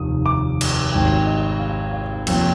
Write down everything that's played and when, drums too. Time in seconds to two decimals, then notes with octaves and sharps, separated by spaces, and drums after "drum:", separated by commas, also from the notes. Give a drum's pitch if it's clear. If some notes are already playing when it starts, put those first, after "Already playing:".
Already playing: F1 D#2 D#3 D#6
0.26 D6
0.61 drum: cymbal
0.92 G#1 G#2 G3 G5
1.26 D#5
1.60 F5
1.93 F5
2.27 F2 C3 F3 A#3 G5, drum: cymbal